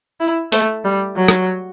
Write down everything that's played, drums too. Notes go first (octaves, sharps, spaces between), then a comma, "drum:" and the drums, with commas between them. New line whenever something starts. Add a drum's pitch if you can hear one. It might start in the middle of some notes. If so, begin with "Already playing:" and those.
E4
A3, drum: open hi-hat
G3
F#3
drum: rim click